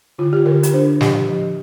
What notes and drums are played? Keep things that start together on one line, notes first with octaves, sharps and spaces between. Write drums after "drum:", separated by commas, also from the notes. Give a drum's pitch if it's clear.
D3 F4
G4
D3 A#4
A#4, drum: hi-hat
D4 C5
F3 G4, drum: snare
F3